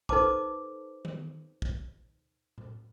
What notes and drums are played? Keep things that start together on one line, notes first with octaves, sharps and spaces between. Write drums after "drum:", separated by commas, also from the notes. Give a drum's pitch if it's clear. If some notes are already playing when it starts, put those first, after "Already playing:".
D#4 A4 B4 C5 A5 D6, drum: kick
drum: tom D#3
drum: kick
drum: tom A2